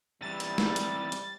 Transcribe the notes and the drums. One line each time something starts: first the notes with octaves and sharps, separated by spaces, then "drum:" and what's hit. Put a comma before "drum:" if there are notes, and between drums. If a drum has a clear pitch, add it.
C3 E3 G3 A6
drum: hi-hat
drum: snare
drum: hi-hat
drum: hi-hat